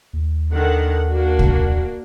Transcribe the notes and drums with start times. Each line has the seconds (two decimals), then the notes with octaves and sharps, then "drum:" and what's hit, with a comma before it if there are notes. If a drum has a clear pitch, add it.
0.13 D#2
0.51 D3 D#3 F#5
1.08 A#3 D4 F#4
1.39 drum: kick C2